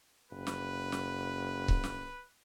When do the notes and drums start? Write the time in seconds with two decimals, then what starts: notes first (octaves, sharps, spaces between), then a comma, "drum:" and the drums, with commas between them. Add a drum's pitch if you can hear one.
0.31 F#1 B4
0.47 drum: snare
0.92 drum: snare
1.68 drum: kick C#1
1.84 drum: snare